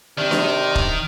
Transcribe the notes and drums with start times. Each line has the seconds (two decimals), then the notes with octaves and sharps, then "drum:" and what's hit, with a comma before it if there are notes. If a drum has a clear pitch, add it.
0.18 C3 D#3 D4
0.31 drum: snare D4
0.75 drum: kick E1